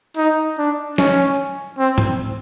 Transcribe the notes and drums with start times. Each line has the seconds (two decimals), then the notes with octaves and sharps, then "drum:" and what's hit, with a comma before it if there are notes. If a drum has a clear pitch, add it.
0.17 D#4
0.58 D4
0.98 C#4, drum: snare
1.79 C4
1.98 drum: tom G#2